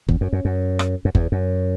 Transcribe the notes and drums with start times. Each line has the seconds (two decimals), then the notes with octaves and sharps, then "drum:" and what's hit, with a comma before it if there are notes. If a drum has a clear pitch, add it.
0.08 E2, drum: kick F#1
0.21 F#2
0.33 F#2
0.45 F#2
0.79 drum: rim click
1.05 F#2
1.15 E2, drum: kick F#1
1.32 F#2